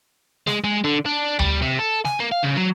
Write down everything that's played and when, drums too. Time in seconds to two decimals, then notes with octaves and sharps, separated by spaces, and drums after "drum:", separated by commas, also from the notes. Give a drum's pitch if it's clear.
0.47 G#3, drum: snare
0.64 G#3
0.84 D3
1.06 D4
1.39 G3, drum: tom D2
1.62 C3
1.79 A4
2.05 G#5, drum: snare
2.20 A#3
2.32 F5
2.43 C#3
2.57 F#3